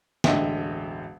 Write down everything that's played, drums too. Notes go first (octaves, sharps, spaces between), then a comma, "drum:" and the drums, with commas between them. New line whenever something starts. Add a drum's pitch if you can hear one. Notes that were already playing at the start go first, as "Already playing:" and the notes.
E1 A1 D3 D#5 E5 G5, drum: snare